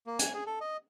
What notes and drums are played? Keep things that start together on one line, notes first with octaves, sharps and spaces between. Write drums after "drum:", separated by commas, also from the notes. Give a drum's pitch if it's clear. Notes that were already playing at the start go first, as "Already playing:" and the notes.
A#3
G#5, drum: hi-hat
G#4
A4
D#5